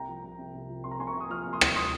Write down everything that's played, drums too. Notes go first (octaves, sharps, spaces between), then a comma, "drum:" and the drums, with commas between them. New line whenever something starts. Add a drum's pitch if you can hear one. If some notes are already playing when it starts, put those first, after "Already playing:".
Already playing: C2 G5 A#5
F3
C2
C3
C2
F3
C2 C6
A#5
C3 G#5 C6
A#5 C#6
C2
D#6
F3 C#6 F6
C2
C6 D#6
C3, drum: rim click
C6 D#6